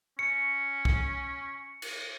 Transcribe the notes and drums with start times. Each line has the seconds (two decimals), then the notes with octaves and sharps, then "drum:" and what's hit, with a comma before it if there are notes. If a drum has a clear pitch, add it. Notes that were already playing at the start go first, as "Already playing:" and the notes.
0.19 C#4 C#7
0.85 drum: kick
1.82 drum: cymbal